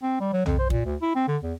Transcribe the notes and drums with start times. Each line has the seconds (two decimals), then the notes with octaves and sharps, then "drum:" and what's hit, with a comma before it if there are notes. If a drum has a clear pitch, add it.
0.02 C4
0.20 G3
0.33 F#3
0.46 F2, drum: tom
0.59 C5
0.70 A#2, drum: kick
0.85 D2
1.02 E4
1.15 C4
1.28 D3
1.43 E2